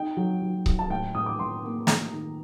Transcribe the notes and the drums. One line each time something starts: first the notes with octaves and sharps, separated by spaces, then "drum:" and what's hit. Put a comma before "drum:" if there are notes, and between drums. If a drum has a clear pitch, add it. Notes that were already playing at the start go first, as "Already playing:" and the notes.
Already playing: D#4 G5
F#3
F#3
F#3, drum: kick C#1
A5
A2 G5
A2 D#6
D6
A2 C6
A#3
A3 A#5, drum: snare
D#3